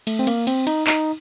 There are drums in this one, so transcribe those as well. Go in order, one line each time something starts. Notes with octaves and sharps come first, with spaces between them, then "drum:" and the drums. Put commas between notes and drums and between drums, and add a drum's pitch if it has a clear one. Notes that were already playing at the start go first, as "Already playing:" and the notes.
A3, drum: cymbal
C4
A#3, drum: cymbal
C4, drum: cymbal
D#4, drum: cymbal
D#4, drum: clap